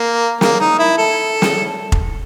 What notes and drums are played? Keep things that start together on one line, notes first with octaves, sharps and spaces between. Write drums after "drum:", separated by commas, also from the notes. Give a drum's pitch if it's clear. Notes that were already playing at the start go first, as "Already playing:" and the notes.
Already playing: A#3
A#3, drum: snare
D#4
E4
A4
drum: snare
drum: kick F1